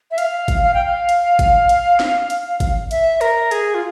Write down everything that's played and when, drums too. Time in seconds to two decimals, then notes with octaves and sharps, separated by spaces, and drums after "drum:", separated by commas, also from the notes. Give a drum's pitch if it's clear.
0.11 E5
0.18 F5, drum: hi-hat
0.48 drum: kick G#1, hi-hat
0.63 F5
0.74 G5
0.85 F5
1.09 drum: hi-hat
1.39 drum: kick G#1, hi-hat
1.69 drum: hi-hat
2.00 drum: snare
2.30 drum: hi-hat
2.60 drum: kick G#1, hi-hat
2.91 E5, drum: hi-hat
3.21 A#4, drum: hi-hat
3.51 G#4, drum: hi-hat
3.74 F4